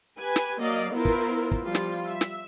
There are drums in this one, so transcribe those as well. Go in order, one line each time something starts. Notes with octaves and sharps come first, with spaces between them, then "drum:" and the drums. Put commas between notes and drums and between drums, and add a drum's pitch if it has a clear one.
G4 B4 G#5
drum: snare
F#3 A#3 D5 D#5 F5
B3 E4 F4 A#4 C5
drum: kick
drum: kick
F3 G3 F4
drum: snare
E5
drum: snare